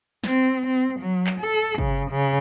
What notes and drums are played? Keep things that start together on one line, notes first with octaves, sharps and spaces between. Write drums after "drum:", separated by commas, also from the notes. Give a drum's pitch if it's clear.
C4, drum: snare
C4
F#3
drum: clap
A4
C#3, drum: kick
C#3